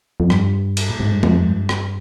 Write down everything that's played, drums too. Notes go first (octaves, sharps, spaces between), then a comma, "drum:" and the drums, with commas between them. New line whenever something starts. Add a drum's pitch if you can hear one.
F2
G2, drum: rim click
drum: cymbal
A#2
G#2
G2
F2, drum: tom G#3
G2
drum: rim click